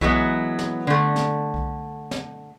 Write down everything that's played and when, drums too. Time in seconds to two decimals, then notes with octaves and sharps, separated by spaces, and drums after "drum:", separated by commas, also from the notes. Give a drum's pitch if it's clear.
0.01 E3 F#3 G#3 B3, drum: kick B1
0.59 drum: snare
0.87 D3 A3
1.16 drum: snare
1.54 drum: kick B1
2.11 drum: snare